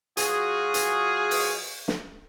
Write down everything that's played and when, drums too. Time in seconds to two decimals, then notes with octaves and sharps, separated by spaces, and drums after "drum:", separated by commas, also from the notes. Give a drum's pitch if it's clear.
0.17 F#3 F4 F#4 G#4, drum: hi-hat
0.74 drum: hi-hat
1.31 drum: open hi-hat
1.88 drum: snare